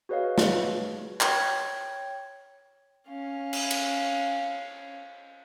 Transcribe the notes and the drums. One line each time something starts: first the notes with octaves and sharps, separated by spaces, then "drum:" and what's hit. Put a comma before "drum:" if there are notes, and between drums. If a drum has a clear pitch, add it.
F#4 G#4 B4 C#5 D#5 F5
drum: snare
C#5 G5 G#6, drum: clap
C#4 F5
drum: cymbal
drum: cymbal